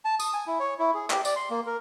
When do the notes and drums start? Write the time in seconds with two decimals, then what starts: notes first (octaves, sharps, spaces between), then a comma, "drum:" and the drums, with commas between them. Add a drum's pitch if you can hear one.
0.05 A5
0.20 D#6, drum: tambourine
0.34 G#5
0.47 E4
0.60 C#5
0.79 E4
0.94 G#4
1.10 G4, drum: clap
1.25 D5, drum: tambourine
1.36 C6
1.50 A#3
1.67 A#4